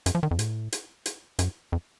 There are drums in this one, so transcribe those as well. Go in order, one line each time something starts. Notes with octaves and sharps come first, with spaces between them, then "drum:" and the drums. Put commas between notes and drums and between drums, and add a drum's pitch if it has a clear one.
F#2, drum: hi-hat
F3
D#3
F2
A2, drum: hi-hat
drum: hi-hat
drum: hi-hat
F#2, drum: hi-hat
F2